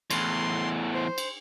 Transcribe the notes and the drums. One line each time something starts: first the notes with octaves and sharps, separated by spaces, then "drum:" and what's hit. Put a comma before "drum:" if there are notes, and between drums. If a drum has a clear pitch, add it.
E2 A2 C6, drum: cymbal
C5
drum: cymbal